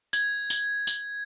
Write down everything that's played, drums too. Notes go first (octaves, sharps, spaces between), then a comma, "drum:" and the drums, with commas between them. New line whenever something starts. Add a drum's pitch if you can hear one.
G#6, drum: tambourine
drum: tambourine
drum: tambourine